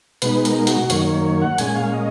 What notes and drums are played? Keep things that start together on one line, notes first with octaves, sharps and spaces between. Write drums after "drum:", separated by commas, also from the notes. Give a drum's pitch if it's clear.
B2 G#3 D#4 B4, drum: hi-hat
A#4, drum: hi-hat
F#4, drum: hi-hat
F#2 D#3 A#3 C#5, drum: hi-hat
C#5
C#5
F#5
A#2 G#3 C#4 G#5, drum: hi-hat
F5
D#5